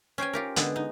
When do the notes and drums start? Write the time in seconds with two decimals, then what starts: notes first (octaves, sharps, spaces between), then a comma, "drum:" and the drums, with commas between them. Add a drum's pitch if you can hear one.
0.18 C#4 C5 G5 G#5
0.33 F4 G4 A#4
0.56 D3 G#3 B3, drum: hi-hat
0.76 D#4